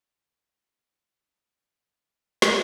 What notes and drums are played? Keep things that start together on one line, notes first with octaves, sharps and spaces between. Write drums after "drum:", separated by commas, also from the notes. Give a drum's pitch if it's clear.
A2
C#4 D#6 E6
D3
G1 E2 D#5 D#6
drum: snare